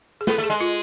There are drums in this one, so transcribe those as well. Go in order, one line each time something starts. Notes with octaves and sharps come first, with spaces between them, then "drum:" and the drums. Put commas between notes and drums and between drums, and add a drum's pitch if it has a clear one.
G#4
B3 A4, drum: snare
A3
G#4
G#3
F4, drum: tambourine